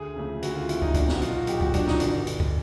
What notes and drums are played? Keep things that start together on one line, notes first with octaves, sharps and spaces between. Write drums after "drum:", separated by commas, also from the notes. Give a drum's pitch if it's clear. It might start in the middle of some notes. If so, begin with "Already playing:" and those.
Already playing: D2 G#4
C#3 F3 A3
D2 F#4, drum: hi-hat
F4
C#3 F3 A3 E4, drum: hi-hat
D#4, drum: kick
B1 D4, drum: kick, hi-hat
D#4, drum: snare
F#4
A#2 F#3 F4, drum: hi-hat
F#4
B1 G4, drum: hi-hat
F#4, drum: kick
A#2 F#3 D4, drum: kick, hi-hat
D#4, drum: snare
G1 D4, drum: hi-hat
drum: hi-hat
drum: kick